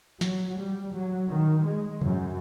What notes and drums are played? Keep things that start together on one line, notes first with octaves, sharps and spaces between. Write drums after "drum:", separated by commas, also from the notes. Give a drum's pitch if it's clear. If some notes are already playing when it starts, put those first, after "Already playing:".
F#3, drum: snare
G3
F#3
D#3
G#3
F#2, drum: tom C3